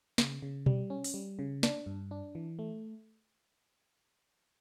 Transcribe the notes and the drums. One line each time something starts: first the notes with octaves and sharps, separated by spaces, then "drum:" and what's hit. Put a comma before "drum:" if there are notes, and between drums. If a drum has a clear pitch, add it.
C#3, drum: snare
C#3
G3, drum: tom B2
C#4
drum: open hi-hat
G3
C#3
D4, drum: snare
G2
D4
E3
A3